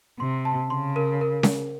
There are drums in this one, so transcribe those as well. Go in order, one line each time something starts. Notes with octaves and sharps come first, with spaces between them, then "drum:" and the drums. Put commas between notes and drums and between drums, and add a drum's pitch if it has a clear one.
C3 C6
A5
C#3 C6
A#4
A#4
drum: snare C#4